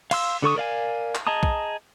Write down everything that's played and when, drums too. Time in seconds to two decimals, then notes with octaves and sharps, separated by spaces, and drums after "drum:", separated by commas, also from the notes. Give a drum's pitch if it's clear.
0.11 F5 C6 E6, drum: cymbal
0.42 D3 A4 C#6 D#6
0.56 A#4 D5 F5 G#5
1.15 drum: clap
1.27 G#4 D#5 A5 A#5 D#6
1.43 drum: kick